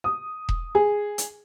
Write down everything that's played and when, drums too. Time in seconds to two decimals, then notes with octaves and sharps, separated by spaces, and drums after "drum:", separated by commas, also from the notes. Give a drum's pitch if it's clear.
0.04 D#6
0.49 drum: kick E1
0.75 G#4
1.18 drum: hi-hat